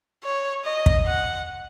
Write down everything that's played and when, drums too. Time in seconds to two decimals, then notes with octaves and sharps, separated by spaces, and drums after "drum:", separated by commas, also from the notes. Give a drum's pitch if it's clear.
0.24 C#5
0.65 D#5
0.86 drum: kick
1.06 F#5